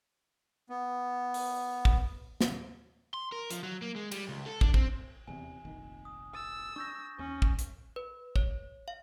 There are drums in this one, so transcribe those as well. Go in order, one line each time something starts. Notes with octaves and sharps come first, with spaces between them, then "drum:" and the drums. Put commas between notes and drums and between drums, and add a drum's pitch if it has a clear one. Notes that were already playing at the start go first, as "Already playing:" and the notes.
B3
drum: open hi-hat
drum: kick
drum: snare
C6
A#4
F3, drum: hi-hat
F#3
A#3
G#3
G3, drum: cymbal
C#2
A4
D4, drum: kick
C4, drum: kick
D#1 E2 C3 G#5
F1 A#1 D#3
D#6
D#6 E6 A6
D4 C#6 G6 A#6
D#2 C#4
drum: kick
drum: hi-hat
B4
C#5, drum: kick
F5